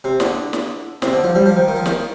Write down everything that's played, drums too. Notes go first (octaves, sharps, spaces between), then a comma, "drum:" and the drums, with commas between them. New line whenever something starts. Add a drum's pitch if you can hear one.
C3
D3, drum: snare
drum: snare
C3, drum: snare
D3
F3
G3
F3
D#3
D#3
F3
D#3, drum: snare